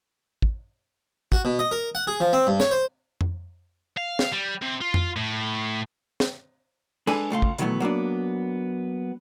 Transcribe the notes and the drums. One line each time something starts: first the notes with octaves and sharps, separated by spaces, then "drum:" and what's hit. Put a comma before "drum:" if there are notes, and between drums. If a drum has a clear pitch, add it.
drum: kick
F#4, drum: kick
B2
D#5
A#4
F#5
G#4
F3
C4
G2
C#5, drum: snare
C5
drum: tom F2
F5
drum: snare
G3
C3
F4
drum: tom F2
A2
drum: snare
G#3 D4 A4 B4 G#5, drum: cymbal
C#2 A3 F5 C6
drum: kick
B2 D#3 E3 F#3 A3 B3, drum: hi-hat
F#3 A#3 B3 D4